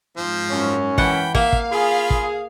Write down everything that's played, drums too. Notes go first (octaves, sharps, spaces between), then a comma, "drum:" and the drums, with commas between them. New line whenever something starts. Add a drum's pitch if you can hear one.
G#2 F3 C4 C5
F#2 C#4
E3 F#5 G5 A5 B5, drum: kick
A#3 E5 F5, drum: kick
drum: kick
F4 G#4 B5
drum: kick